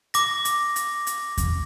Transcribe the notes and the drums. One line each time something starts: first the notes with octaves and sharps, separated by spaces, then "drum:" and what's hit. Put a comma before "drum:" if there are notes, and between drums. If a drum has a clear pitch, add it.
D6 A#6, drum: hi-hat
drum: hi-hat
drum: hi-hat
drum: hi-hat
drum: kick E2, hi-hat